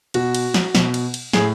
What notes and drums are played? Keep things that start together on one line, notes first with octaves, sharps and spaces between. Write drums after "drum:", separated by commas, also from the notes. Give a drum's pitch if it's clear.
B2 F#4, drum: cymbal
drum: cymbal
drum: snare
B2, drum: snare
drum: cymbal
drum: cymbal
A2 G#4, drum: snare